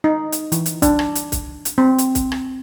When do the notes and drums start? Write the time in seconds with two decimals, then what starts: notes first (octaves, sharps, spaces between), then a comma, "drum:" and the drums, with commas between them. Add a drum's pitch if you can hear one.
0.04 D#4
0.32 drum: hi-hat
0.52 E3, drum: hi-hat
0.66 drum: hi-hat
0.82 D4, drum: kick C2, hi-hat
0.99 drum: rim click
1.15 drum: hi-hat
1.32 drum: kick C2, hi-hat
1.65 drum: hi-hat
1.78 C4
1.98 drum: hi-hat
2.15 drum: kick C2, hi-hat
2.32 drum: rim click